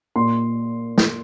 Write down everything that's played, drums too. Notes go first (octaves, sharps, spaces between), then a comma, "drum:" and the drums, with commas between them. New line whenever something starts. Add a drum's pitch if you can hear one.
A#2 C6
drum: snare